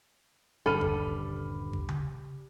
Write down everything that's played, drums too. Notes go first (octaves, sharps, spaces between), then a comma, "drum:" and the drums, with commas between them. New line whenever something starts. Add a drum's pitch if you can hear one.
D#1 G2 D3 G3 A4 B5 F6 D#7
drum: kick G#1
drum: kick G#1
drum: tom C#3